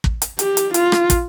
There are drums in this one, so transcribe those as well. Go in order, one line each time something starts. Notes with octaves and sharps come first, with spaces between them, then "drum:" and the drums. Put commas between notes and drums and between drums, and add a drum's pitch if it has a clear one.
drum: kick
drum: hi-hat
G4, drum: hi-hat
drum: hi-hat
F4, drum: hi-hat
drum: rim click
drum: kick, hi-hat